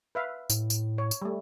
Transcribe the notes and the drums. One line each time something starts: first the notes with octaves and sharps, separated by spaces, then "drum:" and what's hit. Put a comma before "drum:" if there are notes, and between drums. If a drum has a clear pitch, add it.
B4 E5 F5
A2, drum: tambourine
drum: tambourine
C#5
drum: tambourine
G3 A3